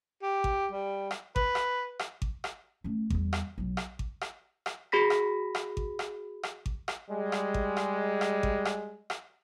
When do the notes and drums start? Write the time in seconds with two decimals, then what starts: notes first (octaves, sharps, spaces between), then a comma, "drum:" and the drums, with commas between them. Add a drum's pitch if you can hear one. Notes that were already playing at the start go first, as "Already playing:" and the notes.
0.23 G4
0.44 drum: kick G#1
0.72 G3
1.11 drum: rim click
1.36 B4, drum: kick G#1
1.55 drum: rim click
1.99 drum: rim click
2.22 drum: kick G#1
2.44 drum: rim click
2.84 A3 C#4
3.10 E2 G3, drum: kick G#1
3.33 drum: rim click
3.58 B1 F#3
3.77 drum: rim click
3.99 drum: kick G#1
4.21 drum: rim click
4.66 drum: rim click
4.92 F#4 G#4 B5 A#6 B6
5.10 drum: rim click
5.55 drum: rim click
5.77 drum: kick G#1
5.99 drum: rim click
6.43 drum: rim click
6.66 drum: kick G#1
6.88 drum: rim click
7.08 G3 G#3
7.32 drum: rim click
7.54 drum: kick G#1
7.77 drum: rim click
8.21 drum: rim click
8.43 drum: kick G#1
8.65 drum: rim click
9.10 drum: rim click